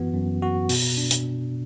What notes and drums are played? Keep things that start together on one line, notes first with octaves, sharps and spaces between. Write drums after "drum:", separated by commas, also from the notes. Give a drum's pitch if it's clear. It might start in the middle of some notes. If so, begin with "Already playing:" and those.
Already playing: F#2 E3 B3 F#4
F#2
F#4
B2, drum: open hi-hat
D4
drum: hi-hat